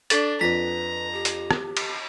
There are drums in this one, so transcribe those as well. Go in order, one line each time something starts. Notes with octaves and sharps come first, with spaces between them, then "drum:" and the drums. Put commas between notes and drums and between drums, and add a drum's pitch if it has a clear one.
D4 A4 A6, drum: hi-hat
F2 B4 A#5 B6
G4
drum: hi-hat
drum: rim click
drum: cymbal